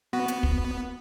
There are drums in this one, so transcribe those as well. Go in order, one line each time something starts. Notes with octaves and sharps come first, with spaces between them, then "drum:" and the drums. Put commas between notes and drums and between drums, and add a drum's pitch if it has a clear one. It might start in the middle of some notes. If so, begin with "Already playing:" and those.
B3 F#4
drum: hi-hat
drum: kick